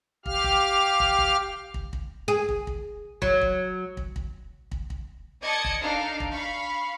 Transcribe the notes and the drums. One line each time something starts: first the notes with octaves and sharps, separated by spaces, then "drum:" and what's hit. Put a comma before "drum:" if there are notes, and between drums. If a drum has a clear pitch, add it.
G4 F5 F6, drum: kick
drum: kick
drum: kick
drum: kick
drum: kick
drum: kick
G#4
drum: kick
drum: kick
F#3, drum: kick
drum: kick
drum: kick
drum: kick
drum: kick
drum: kick
D5 D#5 A5 D#6 G#6 C#7
drum: kick
D4 D#4 A4 F5
drum: kick
F5 B5 C#6